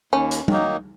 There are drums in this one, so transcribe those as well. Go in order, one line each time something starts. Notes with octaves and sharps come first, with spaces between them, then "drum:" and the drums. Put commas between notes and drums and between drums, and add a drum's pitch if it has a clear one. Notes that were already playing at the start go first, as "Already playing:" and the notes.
D#2 C#4
drum: hi-hat
D#3 F#3 A#3 D#4, drum: tom